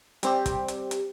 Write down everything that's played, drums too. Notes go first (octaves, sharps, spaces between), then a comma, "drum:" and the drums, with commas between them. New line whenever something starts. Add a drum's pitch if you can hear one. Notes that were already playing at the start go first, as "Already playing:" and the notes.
G3 C4 G4, drum: hi-hat
drum: kick, hi-hat
drum: hi-hat
drum: hi-hat